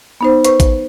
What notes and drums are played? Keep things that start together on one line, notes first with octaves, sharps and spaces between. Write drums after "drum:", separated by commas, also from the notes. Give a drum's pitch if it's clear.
B3 D#4 C5
B4 C5 C#6, drum: hi-hat
drum: kick A1, hi-hat